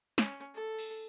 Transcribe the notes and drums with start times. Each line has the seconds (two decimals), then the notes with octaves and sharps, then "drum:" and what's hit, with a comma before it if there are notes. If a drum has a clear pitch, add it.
0.18 C#4, drum: snare
0.54 A4
0.79 drum: cymbal